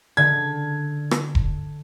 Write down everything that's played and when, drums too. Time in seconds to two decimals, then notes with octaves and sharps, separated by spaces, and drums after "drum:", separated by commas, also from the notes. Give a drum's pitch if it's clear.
0.17 D3 G#6
1.11 drum: rim click
1.35 drum: kick E1